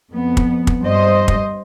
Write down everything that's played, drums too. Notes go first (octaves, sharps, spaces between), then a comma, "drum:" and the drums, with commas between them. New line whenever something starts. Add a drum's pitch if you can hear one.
F2 B3
drum: kick
drum: kick
G2 C5 D#5
drum: kick